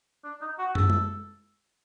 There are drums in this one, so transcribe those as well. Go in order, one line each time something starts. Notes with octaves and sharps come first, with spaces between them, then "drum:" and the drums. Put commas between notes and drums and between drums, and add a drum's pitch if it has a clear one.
D4
D#4
F#4
A4, drum: tom
drum: tom